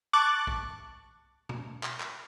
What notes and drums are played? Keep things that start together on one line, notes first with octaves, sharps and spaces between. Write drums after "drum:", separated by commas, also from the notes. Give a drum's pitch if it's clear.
A5 C#6 D6 F#6 A6
drum: kick
drum: tom
drum: clap
drum: clap